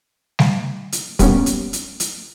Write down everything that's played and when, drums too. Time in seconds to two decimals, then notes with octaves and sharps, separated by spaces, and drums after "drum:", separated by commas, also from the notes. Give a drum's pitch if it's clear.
0.39 drum: snare G3
0.92 drum: hi-hat
1.19 G3 A#3 B3 C#4, drum: kick, hi-hat
1.46 drum: hi-hat
1.73 drum: hi-hat
2.00 drum: hi-hat